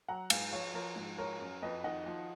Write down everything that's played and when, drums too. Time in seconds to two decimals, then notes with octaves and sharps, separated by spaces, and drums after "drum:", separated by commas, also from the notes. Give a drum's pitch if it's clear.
0.08 F#3 F#5 A#5
0.30 G#2 F5 G#5, drum: cymbal
0.53 F3 C#5 F5
0.74 F3 A#4 C#5
0.96 G#2
1.18 F3 A#4 C#5
1.40 F#2
1.62 F2 B4 D#5
1.84 D#3 D#5 F#5
2.06 F3